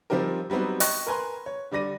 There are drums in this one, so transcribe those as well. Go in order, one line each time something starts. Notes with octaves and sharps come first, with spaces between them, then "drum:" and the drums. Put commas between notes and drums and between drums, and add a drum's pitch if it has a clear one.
F3 G3 C4 D#4 G4 A#4
F#3 G3 B3 C4 D#4
D#5 G5 C#6 F#6 A#6, drum: open hi-hat
A#4 B4 G#5 A#5 C6
C#5
D3 G3 D5 A#6 D#7